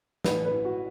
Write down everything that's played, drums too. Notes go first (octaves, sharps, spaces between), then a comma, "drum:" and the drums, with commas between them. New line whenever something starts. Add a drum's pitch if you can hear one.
A1 B4, drum: snare
B4
E3
F#4